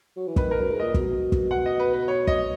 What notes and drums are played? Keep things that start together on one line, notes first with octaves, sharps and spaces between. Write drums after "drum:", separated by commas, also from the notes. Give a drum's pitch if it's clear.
F#3
E3
D#3 B4, drum: kick
A#4
F#2
G#2
A#2 D#5
B2, drum: kick
drum: kick
F#5
D#5
B4
B4
C#5
D#5, drum: kick